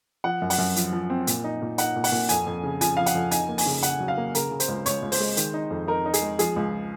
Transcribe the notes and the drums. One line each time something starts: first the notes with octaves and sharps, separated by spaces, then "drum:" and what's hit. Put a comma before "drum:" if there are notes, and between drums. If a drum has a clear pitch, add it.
F3 F#5
F#2
F#5, drum: open hi-hat
F#2
F3, drum: hi-hat
F3
C4
A#2, drum: hi-hat
D#4
A#2
D#4 F#5, drum: hi-hat
A#2
F#5, drum: open hi-hat
A#2
F2 G#5, drum: hi-hat
F2
C#3
F3 G#5, drum: hi-hat
F3 F5
F#5, drum: hi-hat
F2
D#4 G#5, drum: hi-hat
A#3
G#5, drum: open hi-hat
C#3
C#3 F#5, drum: hi-hat
F#3
F5
A#3
C#3 A#4, drum: hi-hat
C#3
C5, drum: hi-hat
C#2
C#2 C#5, drum: hi-hat
C#2
C5, drum: open hi-hat
G#3
D#3, drum: hi-hat
D#4
F2
D#4 A#4
D#4
G#4, drum: hi-hat
G#3
F3 G#4, drum: hi-hat
C#2